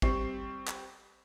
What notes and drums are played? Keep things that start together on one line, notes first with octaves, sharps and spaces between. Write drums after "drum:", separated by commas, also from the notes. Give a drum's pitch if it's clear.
G3 C4 C#6 C7, drum: kick A1
drum: clap